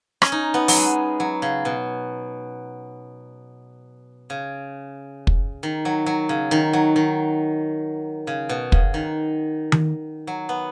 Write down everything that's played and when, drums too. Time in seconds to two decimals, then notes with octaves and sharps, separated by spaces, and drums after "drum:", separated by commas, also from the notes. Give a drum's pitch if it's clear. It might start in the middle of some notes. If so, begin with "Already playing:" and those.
0.22 C#4, drum: rim click
0.32 D#4
0.54 B3
0.68 F#3, drum: open hi-hat
0.76 G#3
1.20 F#3
1.42 C#3
1.65 B2
4.30 C#3
5.27 drum: kick
5.63 D#3
5.85 F#3
6.06 F#3
6.29 C#3
6.51 D#3
6.73 F#3
6.96 D#3
8.27 C#3
8.49 B2
8.72 C#3, drum: kick
8.94 D#3
9.72 drum: tom D#3
10.27 F#3
10.49 B3